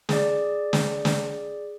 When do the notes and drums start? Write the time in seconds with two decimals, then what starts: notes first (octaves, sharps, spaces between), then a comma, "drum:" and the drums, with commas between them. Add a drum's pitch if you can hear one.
0.09 G#4 D5, drum: snare
0.73 drum: snare
1.05 drum: snare